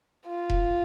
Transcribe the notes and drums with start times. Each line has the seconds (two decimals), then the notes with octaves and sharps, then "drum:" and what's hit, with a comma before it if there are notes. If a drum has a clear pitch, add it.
0.28 F4
0.50 drum: kick E1